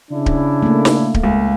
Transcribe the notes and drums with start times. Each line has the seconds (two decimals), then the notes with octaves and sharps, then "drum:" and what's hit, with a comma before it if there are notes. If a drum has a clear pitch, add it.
0.11 C#3 D4 E4
0.26 drum: kick D1
0.63 A3 A#3
0.85 drum: snare
1.14 drum: kick D1
1.23 C#2